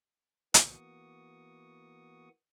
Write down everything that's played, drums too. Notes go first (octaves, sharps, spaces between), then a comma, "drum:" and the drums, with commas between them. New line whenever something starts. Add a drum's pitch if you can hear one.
E3 A#3 B3 F#4 C#6 D#6, drum: hi-hat